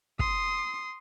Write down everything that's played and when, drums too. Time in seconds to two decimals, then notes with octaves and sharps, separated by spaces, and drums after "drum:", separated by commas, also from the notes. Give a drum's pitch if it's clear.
0.19 C6 D#6, drum: kick